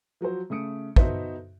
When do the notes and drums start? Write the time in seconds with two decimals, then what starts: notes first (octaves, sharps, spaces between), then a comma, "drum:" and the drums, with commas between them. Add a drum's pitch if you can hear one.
0.21 F3 F#3 F#4 C5
0.50 C#3 A3 D#6 C#7 D7
0.96 B3 D#4 F#4 A4 C5 E5, drum: kick